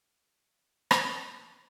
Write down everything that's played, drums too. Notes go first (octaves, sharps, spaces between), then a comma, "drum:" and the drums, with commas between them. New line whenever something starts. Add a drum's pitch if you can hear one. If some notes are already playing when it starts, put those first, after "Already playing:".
Already playing: F#4
F#4
drum: rim click
G#4